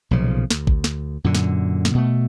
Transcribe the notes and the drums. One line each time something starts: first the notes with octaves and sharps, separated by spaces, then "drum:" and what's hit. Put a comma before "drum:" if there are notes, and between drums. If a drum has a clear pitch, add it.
B1 A#2 C#3 F3
D2, drum: snare
drum: kick A1
drum: snare
F#2 A#2 D3
drum: snare
drum: snare
B2 A3